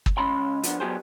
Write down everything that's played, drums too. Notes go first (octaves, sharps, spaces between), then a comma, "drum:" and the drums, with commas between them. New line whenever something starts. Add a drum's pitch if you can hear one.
drum: kick
C#2 C#4 B5 C6
F3 B3 D4, drum: hi-hat
F#3 A3 B3 G4 G#4 C5